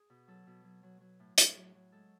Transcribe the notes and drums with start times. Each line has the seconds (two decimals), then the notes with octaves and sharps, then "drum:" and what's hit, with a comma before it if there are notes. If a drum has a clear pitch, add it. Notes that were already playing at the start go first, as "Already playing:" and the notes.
Already playing: G#4
0.10 B2
0.27 F#3 A4
0.47 B2
0.64 F#3
0.83 F#3
1.01 F#3
1.20 A2
1.38 A2, drum: hi-hat
1.56 F#3
1.75 F#3
1.92 G#3 A4